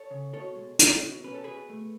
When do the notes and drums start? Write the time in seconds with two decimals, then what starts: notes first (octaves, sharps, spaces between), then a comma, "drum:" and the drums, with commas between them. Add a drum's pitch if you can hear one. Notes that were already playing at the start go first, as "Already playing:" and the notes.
Already playing: A4 C#5
0.11 C#3
0.33 B2 A4 C#5
0.55 G#3
0.79 C#4, drum: hi-hat
1.02 B2
1.24 C#4 B4
1.34 A4
1.44 B2 G#4 B4
1.70 A3